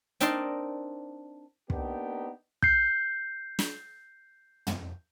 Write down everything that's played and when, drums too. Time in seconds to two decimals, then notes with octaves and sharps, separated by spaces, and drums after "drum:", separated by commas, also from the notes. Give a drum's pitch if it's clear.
0.21 C4 D4 D#4 A#4 D5 C6, drum: hi-hat
1.70 A#3 B3 D4 D#4 G4, drum: kick
2.63 G6 C7, drum: kick
3.59 drum: snare
4.67 drum: tom